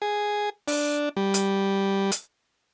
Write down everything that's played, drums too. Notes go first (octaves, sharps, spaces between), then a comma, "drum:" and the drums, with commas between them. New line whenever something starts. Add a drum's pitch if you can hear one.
G#4
D4, drum: open hi-hat
G3
drum: hi-hat
drum: hi-hat